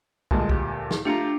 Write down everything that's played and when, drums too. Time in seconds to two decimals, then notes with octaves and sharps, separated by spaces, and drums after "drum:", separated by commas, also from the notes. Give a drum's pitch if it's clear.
0.31 D2 G2 A#2 G#3 A5, drum: kick
0.49 G4, drum: kick
0.91 drum: snare
1.05 A3 D4 F4 G4 A#5 C#7